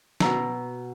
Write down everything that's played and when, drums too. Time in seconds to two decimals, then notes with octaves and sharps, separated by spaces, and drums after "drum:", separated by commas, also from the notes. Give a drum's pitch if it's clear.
0.20 B2 A#5 E6, drum: snare